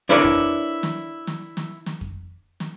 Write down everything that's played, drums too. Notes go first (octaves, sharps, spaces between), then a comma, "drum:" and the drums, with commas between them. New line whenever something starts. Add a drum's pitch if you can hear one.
D4 E4 A#4 B4 C#5 D5, drum: snare
drum: kick F2
drum: snare
drum: snare
drum: snare
drum: snare
drum: kick F2
drum: snare